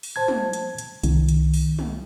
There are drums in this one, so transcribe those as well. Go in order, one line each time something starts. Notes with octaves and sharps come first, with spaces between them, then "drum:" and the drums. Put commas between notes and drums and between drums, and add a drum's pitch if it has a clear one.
drum: open hi-hat
C5 A5 G#6
drum: tom
drum: hi-hat
drum: hi-hat
C2 D#3, drum: hi-hat
drum: hi-hat
drum: open hi-hat
drum: tom